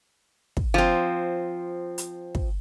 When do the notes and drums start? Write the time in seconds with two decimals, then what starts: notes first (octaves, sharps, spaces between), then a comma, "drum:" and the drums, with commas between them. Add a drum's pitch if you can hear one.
0.57 drum: kick
0.74 F3 C4
1.98 drum: hi-hat
2.35 drum: kick